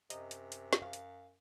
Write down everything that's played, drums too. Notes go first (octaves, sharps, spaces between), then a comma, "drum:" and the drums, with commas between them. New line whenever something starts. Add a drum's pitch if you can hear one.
F#2 C3 D#5 A#5, drum: hi-hat
drum: hi-hat
drum: hi-hat
drum: snare
F5
drum: hi-hat